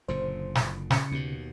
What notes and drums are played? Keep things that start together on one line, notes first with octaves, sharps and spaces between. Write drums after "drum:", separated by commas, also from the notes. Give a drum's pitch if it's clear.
F#1 A#2 D3 C5
drum: snare
C#3 C#7, drum: snare
D#2 B2